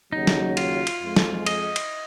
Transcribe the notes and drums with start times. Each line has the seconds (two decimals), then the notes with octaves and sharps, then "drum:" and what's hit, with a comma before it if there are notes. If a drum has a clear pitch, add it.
0.12 D#2 C#3 F#3 D#4
0.27 drum: snare
0.57 F4, drum: cymbal
0.87 drum: cymbal
1.02 F2 F3 G#3
1.16 drum: snare
1.46 D#5, drum: cymbal
1.76 drum: cymbal